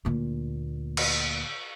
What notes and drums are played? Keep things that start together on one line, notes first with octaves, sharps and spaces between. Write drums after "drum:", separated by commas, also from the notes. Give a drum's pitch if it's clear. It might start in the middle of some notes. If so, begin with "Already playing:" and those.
D2 A#2
drum: cymbal